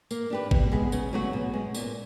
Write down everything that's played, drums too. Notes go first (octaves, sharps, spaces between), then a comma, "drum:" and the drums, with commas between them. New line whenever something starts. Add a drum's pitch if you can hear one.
A#3, drum: tambourine
D4 G4 B4
B2, drum: kick G#1
G#3 B3
C#3, drum: tambourine
F#3 A3 C#4 F#4
B2
G#3 C#4
A#2, drum: tambourine